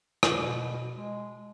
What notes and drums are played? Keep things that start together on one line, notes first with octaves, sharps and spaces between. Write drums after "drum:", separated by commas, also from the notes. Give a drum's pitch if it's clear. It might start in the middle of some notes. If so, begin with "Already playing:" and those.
drum: rim click
B2
G#3